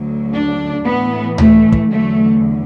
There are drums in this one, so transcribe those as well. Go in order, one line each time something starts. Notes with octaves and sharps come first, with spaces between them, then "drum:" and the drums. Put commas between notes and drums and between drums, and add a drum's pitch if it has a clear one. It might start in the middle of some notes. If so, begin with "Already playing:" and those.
Already playing: D2 D3 F#3
D4
A2 E3 B3
A3, drum: tom C#2
drum: kick
E2 D3 F#3 A3